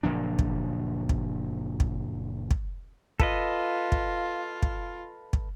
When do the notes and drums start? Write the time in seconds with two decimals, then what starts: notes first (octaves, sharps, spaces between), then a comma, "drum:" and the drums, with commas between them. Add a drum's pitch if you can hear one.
0.03 F#1 A#2 F3 D4
0.39 drum: kick
1.09 drum: kick
1.80 drum: kick
2.51 drum: kick
3.20 F4 A4 B4 D#5, drum: kick
3.92 drum: kick
4.63 drum: kick
5.33 drum: kick